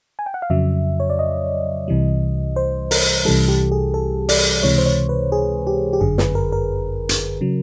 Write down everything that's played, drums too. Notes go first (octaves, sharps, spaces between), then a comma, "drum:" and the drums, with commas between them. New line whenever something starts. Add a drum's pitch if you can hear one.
G#5
G5
F#5
F5
F2 C#3 F#3 E5
C#5
D5
D#5
C2 C3 E3 G3
C5
A#4, drum: open hi-hat
C2 C3 E3 G3 A4
G4
G#4
A4
D5, drum: open hi-hat
C#2 C3 E3 G#3 C#5
C5
C#5
B4
G#4
G4
G4
G1 F#2 D3 G#4
B4, drum: snare
A#4
A#4
drum: hi-hat
C#3 F#3